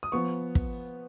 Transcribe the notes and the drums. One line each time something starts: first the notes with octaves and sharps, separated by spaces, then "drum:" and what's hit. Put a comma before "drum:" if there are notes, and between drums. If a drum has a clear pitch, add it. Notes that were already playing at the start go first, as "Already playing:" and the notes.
D#6
F3 B3 C#6
drum: kick